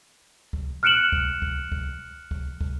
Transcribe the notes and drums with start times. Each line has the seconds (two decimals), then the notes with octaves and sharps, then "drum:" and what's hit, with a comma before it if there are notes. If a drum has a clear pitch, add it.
0.53 drum: kick
0.83 F6 F#6 C#7 D7 E7 F#7
1.12 drum: kick
1.42 drum: kick
1.72 drum: kick
2.31 drum: kick
2.61 drum: kick